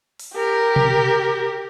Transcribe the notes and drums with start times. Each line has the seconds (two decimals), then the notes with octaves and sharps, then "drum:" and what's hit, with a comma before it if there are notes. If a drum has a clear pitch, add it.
0.20 drum: open hi-hat
0.35 G4 A#4
0.76 drum: tom B2